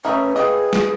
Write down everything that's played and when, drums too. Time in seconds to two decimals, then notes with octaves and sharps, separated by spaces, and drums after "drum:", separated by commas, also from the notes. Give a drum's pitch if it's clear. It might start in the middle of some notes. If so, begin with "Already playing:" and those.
0.05 E3 A3 C#4 A#4 D#5 B5
0.36 G#4 B4 D#5 F5 G5 G#5
0.73 drum: snare